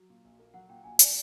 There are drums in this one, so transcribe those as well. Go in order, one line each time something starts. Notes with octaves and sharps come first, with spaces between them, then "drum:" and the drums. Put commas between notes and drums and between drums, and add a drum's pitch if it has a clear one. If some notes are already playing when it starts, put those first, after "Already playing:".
Already playing: F#3
A#2
A#1
A#3
F#3 F#5
A#2 G5
A#1 G#5
A#3 D5, drum: hi-hat